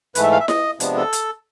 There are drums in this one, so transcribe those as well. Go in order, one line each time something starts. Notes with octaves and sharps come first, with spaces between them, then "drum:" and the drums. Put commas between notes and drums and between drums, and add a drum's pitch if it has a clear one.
G#2 E3 A3 B4, drum: hi-hat
E5
F5
E5
D#5, drum: snare E4
C3 F3 G#3 B3 D4, drum: hi-hat
A4
drum: hi-hat